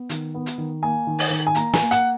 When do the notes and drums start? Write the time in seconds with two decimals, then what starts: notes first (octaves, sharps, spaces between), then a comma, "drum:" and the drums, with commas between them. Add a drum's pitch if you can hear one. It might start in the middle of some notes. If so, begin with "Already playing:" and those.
Already playing: B3
0.10 D#3, drum: hi-hat
0.34 B3
0.46 drum: hi-hat
0.58 D#3
0.82 A#3 G#5
1.07 D#3
1.19 drum: open hi-hat
1.30 D#3
1.47 G#5
1.55 A#3 A#5, drum: hi-hat
1.74 G#5, drum: snare
1.79 A#3
1.91 F#5, drum: hi-hat